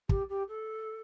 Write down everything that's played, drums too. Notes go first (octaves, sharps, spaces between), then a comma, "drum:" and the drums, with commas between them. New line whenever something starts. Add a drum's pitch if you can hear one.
G4, drum: kick
G4
A4